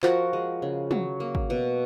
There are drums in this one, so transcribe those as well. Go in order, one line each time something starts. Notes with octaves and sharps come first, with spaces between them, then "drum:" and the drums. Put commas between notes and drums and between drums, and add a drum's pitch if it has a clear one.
F3 F#4 A#4, drum: clap
G#3
C#3
F#3, drum: tom
A#3
drum: kick
B2